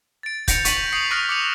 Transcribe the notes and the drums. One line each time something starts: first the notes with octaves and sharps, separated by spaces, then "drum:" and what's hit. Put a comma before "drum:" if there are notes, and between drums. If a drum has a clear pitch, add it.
A6 D7
G6 A#6 C#7 D7 F7, drum: kick, hi-hat
C#6 B6 D7 D#7 F7 F#7, drum: hi-hat
D#6 C7 C#7 F#7
C#6 D#6 F6 F#6 A#6 D7
D6 C#7 F7